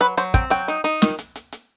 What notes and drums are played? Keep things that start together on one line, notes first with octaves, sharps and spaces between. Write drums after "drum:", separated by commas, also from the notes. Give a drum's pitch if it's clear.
F#3 B4
F#3 C5, drum: hi-hat
C4 G5, drum: kick, hi-hat
F#3 G5, drum: hi-hat
D#4, drum: hi-hat
D#4, drum: hi-hat
D#3, drum: snare
drum: hi-hat
drum: hi-hat
drum: hi-hat